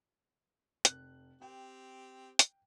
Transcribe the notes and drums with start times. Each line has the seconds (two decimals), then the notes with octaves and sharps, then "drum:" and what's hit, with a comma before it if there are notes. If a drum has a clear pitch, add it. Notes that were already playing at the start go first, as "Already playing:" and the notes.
0.85 F1 F#6, drum: hi-hat
1.42 C4 G4 G5
2.39 drum: hi-hat